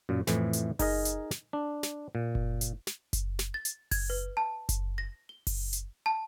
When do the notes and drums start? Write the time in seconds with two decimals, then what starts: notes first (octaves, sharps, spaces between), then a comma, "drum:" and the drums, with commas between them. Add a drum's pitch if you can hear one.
0.09 F#2 A#2
0.27 F2 A2 E3, drum: snare
0.53 drum: hi-hat
0.79 D#4 G#4 A#4 D#5, drum: kick F#1, open hi-hat
1.05 drum: hi-hat
1.31 drum: snare
1.53 D4
1.83 drum: snare
2.15 A#2
2.35 drum: kick F#1
2.61 drum: hi-hat
2.87 drum: snare
3.13 drum: kick F#1, hi-hat
3.39 drum: snare
3.54 A6
3.65 drum: hi-hat
3.91 G#6, drum: kick F#1, open hi-hat
4.10 B4
4.37 A5
4.69 drum: kick F#1, hi-hat
4.98 A#6
5.29 G7
5.47 drum: kick F#1, open hi-hat
5.73 drum: hi-hat
6.06 A5